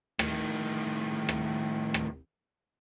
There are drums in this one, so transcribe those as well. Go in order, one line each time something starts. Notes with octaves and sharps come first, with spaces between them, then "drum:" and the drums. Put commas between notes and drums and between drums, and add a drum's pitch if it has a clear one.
A2 D#3, drum: rim click
drum: rim click
drum: rim click